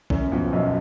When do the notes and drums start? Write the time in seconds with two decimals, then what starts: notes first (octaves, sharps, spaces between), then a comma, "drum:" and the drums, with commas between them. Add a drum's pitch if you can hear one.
0.10 F#2 C#4, drum: kick
0.32 F2 B2
0.53 B1 F#2